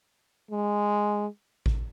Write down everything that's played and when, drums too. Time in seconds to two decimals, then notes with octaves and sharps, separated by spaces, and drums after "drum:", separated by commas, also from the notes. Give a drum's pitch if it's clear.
0.51 G#3
1.66 drum: kick A1